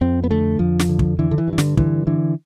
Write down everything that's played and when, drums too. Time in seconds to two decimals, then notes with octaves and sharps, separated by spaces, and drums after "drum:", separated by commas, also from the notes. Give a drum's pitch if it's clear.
0.01 F2 C4
0.24 B3
0.31 D3 A3
0.59 F2 F3
0.79 drum: snare
0.89 D3
0.99 drum: kick
1.19 D3 E3
1.31 D3
1.38 E3
1.48 G2
1.53 E3
1.58 D3, drum: snare
1.77 D3 E3, drum: kick
2.07 D3 E3